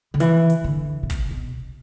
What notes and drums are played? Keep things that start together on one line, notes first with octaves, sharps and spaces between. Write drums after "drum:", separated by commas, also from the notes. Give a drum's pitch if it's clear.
D3
E3, drum: hi-hat
drum: hi-hat
D3
B2
C3, drum: kick, hi-hat
B2